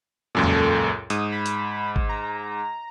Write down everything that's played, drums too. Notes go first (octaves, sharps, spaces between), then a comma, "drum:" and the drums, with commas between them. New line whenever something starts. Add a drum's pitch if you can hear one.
C#2 F#2 A#2 A4
drum: tom E2
G#2 D#6, drum: hi-hat
B5
drum: hi-hat
drum: kick G#1
A#5